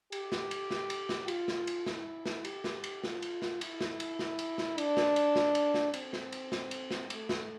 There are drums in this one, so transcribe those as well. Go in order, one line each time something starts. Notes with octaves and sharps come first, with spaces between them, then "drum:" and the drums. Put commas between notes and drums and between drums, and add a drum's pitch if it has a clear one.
G4, drum: cymbal
drum: snare
drum: cymbal
drum: snare
drum: cymbal
drum: snare
F4, drum: cymbal
drum: snare
drum: cymbal
E4, drum: snare
drum: snare
G4, drum: cymbal
drum: snare
drum: cymbal
F4, drum: snare
drum: cymbal
drum: snare
E4, drum: cymbal
drum: snare
drum: cymbal
drum: snare
drum: cymbal
drum: snare
D4, drum: cymbal
drum: snare
drum: cymbal
drum: snare
drum: cymbal
drum: snare
C4, drum: cymbal
drum: snare
drum: cymbal
drum: snare
drum: cymbal
drum: snare
A3, drum: cymbal
drum: snare